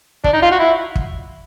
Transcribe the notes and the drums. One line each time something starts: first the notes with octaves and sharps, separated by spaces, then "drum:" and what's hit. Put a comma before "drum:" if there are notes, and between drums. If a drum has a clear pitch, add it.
D4, drum: kick
D#4
F4
F#4
E4
drum: kick